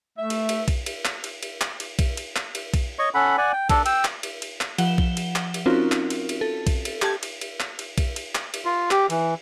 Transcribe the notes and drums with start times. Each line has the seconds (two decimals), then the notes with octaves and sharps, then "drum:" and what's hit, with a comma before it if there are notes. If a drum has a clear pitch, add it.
0.18 A3 E5
0.30 drum: cymbal
0.49 drum: cymbal
0.68 drum: kick B1, cymbal
0.86 drum: cymbal
1.05 drum: clap
1.24 drum: cymbal
1.43 drum: cymbal
1.61 drum: clap
1.80 drum: cymbal
1.99 drum: kick B1, cymbal
2.17 drum: cymbal
2.36 drum: clap
2.55 drum: cymbal
2.74 drum: kick B1, cymbal
2.99 C#5 D#5 C#6
3.14 C#4 A4 F#5 B5
3.38 D5 F#5 G#5
3.53 G5
3.69 D4 A4, drum: kick B1, cymbal
3.86 G5 E6, drum: cymbal
4.05 drum: clap
4.23 drum: cymbal
4.42 drum: cymbal
4.61 drum: clap
4.78 F3 F#5 E7 G7, drum: cymbal
4.98 drum: kick B1
5.17 drum: cymbal
5.36 drum: clap
5.54 drum: cymbal
5.66 C4 C#4 D#4 F4 F#4 A#4
5.92 drum: clap
6.10 drum: cymbal
6.29 drum: cymbal
6.41 A4
6.67 drum: kick B1, cymbal
6.85 drum: cymbal
7.02 G4 A5 G#6, drum: clap
7.23 drum: cymbal
7.41 drum: cymbal
7.60 drum: clap
7.79 drum: cymbal
7.98 drum: kick B1, cymbal
8.16 drum: cymbal
8.35 drum: clap
8.54 drum: cymbal
8.65 F4
8.91 G4, drum: clap
9.10 E3, drum: cymbal